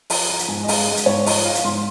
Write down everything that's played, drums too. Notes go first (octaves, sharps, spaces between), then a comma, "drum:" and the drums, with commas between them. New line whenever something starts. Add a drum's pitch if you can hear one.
F3, drum: open hi-hat
F3 A#5
drum: hi-hat
G#2 G#5
D#5
G#3 F5, drum: open hi-hat
G#3 D#5
drum: hi-hat
G#2 C#5
F3 D#5, drum: open hi-hat
F3 F5
drum: hi-hat
G#2 C6